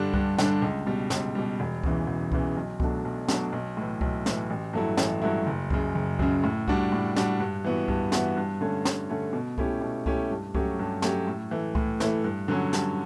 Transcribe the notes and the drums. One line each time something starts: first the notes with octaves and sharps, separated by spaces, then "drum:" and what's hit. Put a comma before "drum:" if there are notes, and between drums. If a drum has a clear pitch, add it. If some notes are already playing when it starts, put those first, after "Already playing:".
Already playing: G2 D3 G3 D4
G2, drum: kick C2
D3 G3 D4, drum: snare
C#2
B2 G3
C#2, drum: snare
B2 G3
E1
E2 C#3 E3, drum: kick C2
E1
E2 C#3 E3, drum: kick C2
B1
B2 F#3 A3 D4, drum: kick C2
B1
B2 F#3 A3 D4, drum: snare
B1
A2 E3
B1, drum: kick C2
A2 E3, drum: snare
A1
G2 F#3 A3 E4
A1, drum: snare
G2 F#3 A3 E4
F#1
F#2 C#3, drum: kick C2
F#1
F#2 C#3, drum: kick C2
A2
G3 D4 F#4, drum: kick C2
A2
G3 D4 F#4, drum: snare
G2
E3 B3 F#4
G2, drum: kick C2
E3 B3 F#4, drum: snare
G2
D3 A3 C#4
G2, drum: snare
D3 A3 C#4
B2
A3 C#4 E4 G4, drum: kick C2
B2
A3 C#4 E4 G4, drum: kick C2
G2
F#3 A3 C#4 G4, drum: kick C2
G2
F#3 A3 C#4 G4, drum: snare
A2
E3 A3
A2, drum: kick C2
E3 A3, drum: snare
G2
D3 F#3 C#4
G2, drum: snare